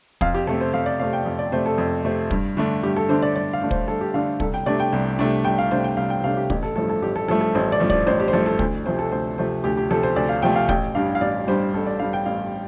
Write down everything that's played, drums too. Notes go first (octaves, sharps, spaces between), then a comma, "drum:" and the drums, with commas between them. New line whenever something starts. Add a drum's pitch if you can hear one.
F2 F5, drum: kick
G4
C3 A3 C4 A4
C5
F2 F5
D5
C3 A3 C4 F5
G5
F2 F5
D5
C3 A3 C4 C5
A4
F2
C3 A3 C4
G2, drum: kick
D3 A3 D4
G2 G4
A4
D3 A3 D4 C5
D5
G2 D5
F5
D3 A3 D4
C5, drum: kick
G2 A4
G4
D3 A3 D4 F5
C2 A4, drum: kick
G5
C3 A3 D4 D5
G5
C2
C3 A3 D4
C2 G5
F5
C3 A3 D4 C5
G5
C2 F5
G5
C3 A3 D4 F5
G4
A1 G4, drum: kick
A4
G2 F3 A3 A4
A4
A1 G4
A4
G2 F3 A3 A4
A4
A1 C5
D5
G2 F3 A3
D5, drum: kick
A1 C5
G4
C5
G2 F3 A3 A4
A4
D2 C5, drum: kick
C3 F3 A3 C4 C5
A4
D2 C5
C3 F3 A3 C4 C5
D2 G4
G4
C3 F3 A3 C4 A4
C5
D2 D5
F5
C3 F3 A3 C4 G5
F5
A1 G5, drum: kick
G2 G3 D4 F5
F5
A1 D5
G2 G3 D4 C5
A1 A4
D5
G2 G3 D4 F5
G5
A1 F5